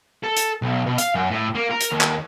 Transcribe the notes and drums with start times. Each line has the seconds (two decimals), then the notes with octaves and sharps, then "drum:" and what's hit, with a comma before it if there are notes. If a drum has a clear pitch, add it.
0.24 A4
0.36 drum: hi-hat
0.62 B1
0.86 B2
0.98 F5, drum: hi-hat
1.15 F#2
1.31 A2
1.55 A#3
1.71 A#4
1.80 drum: hi-hat
1.91 D#2
2.01 drum: clap